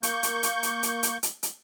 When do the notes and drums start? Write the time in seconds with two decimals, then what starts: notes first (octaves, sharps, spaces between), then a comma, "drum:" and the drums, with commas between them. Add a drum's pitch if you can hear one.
0.03 A#3 C#6 G6, drum: hi-hat
0.23 drum: hi-hat
0.43 drum: hi-hat
0.63 drum: hi-hat
0.83 drum: hi-hat
1.03 drum: hi-hat
1.23 drum: hi-hat
1.43 drum: hi-hat